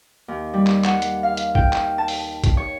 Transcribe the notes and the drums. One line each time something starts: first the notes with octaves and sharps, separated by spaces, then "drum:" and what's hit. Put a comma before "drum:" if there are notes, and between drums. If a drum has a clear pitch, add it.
D#2
G3
drum: clap
F#5, drum: clap
drum: hi-hat
F5
drum: hi-hat
G5, drum: kick
drum: clap
A5
drum: open hi-hat
drum: kick, hi-hat
C#5